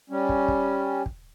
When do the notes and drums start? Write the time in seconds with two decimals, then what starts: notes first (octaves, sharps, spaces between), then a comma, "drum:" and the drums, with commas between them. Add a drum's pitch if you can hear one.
0.10 G3 C#4
0.29 drum: kick
0.48 drum: kick
1.06 drum: kick